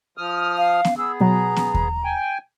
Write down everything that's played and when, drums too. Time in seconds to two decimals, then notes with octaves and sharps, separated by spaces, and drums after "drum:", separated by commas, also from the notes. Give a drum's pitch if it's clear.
0.18 F3 D#6 F6
0.58 F5
0.85 drum: snare B3
0.98 B3 G#4 E6
1.21 B2 F#3 A#5
1.56 drum: snare B3
1.74 drum: kick D#2
2.04 G5 G#5